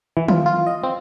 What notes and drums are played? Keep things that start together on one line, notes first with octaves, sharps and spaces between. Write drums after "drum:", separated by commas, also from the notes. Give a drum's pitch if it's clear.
E3
F4, drum: tom
F4
D#5
C4